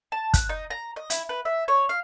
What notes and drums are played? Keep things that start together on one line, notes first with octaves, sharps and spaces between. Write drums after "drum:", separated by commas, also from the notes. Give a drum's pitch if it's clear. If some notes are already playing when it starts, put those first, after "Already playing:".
A5
F#6, drum: kick, hi-hat
D#4
A#5
D#5
E4, drum: hi-hat
B4
E5
C#5
F5